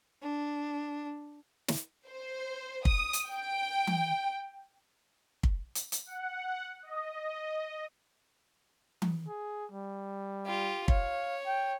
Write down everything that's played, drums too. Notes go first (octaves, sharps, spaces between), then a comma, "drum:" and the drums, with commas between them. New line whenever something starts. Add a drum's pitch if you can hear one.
D4
drum: snare
C5
D#6, drum: kick
drum: hi-hat
G5
drum: tom E3
drum: kick
drum: hi-hat
drum: hi-hat
F#5
D#5
drum: tom E3
G#4
G3
F4 G4
C#5 F5, drum: kick
G5